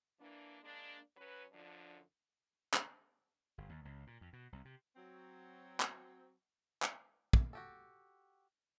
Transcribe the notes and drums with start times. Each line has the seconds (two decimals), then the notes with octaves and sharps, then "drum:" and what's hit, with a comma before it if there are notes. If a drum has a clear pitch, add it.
0.20 E3 A#3 D4
0.63 G#3 A#3 D4
1.15 F#3 C#4 B4
1.51 F#2 D3 F3 D4
2.74 drum: clap
3.58 G1
3.69 D#2
3.85 C#2
4.07 A#2
4.21 F2
4.33 B2
4.52 C2
4.65 C3
4.96 F#3 C4
5.80 drum: clap
6.82 drum: clap
7.33 drum: kick
7.53 F#4 G4 A4